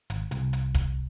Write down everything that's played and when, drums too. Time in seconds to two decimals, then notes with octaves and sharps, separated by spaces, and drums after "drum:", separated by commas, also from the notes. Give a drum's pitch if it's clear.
0.10 G#1, drum: hi-hat
0.31 C2, drum: hi-hat
0.53 drum: hi-hat
0.75 drum: kick, hi-hat